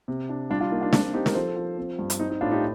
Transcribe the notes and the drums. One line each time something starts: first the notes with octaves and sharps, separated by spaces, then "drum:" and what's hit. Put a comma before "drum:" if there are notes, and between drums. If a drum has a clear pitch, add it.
C3
D4
G3 D4 F4
D4 F4
A#3 D#4
D4 F4
C4 D4 F4, drum: snare
C4 D#4 G4
A#4, drum: snare
F3 A4 C5
F3
C4
G2
drum: hi-hat
C4 D#4
D#4
A2 D4 F4
D#4 G4